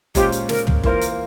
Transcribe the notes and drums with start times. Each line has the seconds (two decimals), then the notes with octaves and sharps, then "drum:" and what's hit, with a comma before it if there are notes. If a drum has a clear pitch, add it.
0.15 A#2 G#3 C#4 F4 G4 C5, drum: kick F#1, hi-hat
0.32 drum: hi-hat
0.49 A#4, drum: snare
0.67 drum: tom
0.84 E3 A#3 F4 A#4 C5, drum: kick F#1
1.01 drum: hi-hat